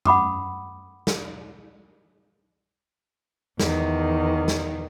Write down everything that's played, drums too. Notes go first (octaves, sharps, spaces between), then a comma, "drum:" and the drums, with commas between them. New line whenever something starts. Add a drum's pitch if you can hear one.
F#5 B5 D6 D#6, drum: tom F#2
drum: snare
E2 D#3, drum: snare
drum: snare